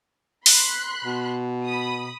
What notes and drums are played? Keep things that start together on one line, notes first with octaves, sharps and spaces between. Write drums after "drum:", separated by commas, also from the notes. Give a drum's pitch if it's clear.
B5 C6 F#6, drum: open hi-hat
B2
B5 D#6